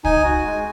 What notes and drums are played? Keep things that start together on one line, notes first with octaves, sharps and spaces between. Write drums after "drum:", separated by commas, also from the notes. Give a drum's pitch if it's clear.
D#4 G#5, drum: kick
F#4
G#3